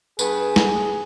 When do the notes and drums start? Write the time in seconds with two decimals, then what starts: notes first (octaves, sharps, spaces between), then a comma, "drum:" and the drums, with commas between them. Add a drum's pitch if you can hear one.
0.19 G2 B3 G#4 B4, drum: tambourine
0.56 drum: snare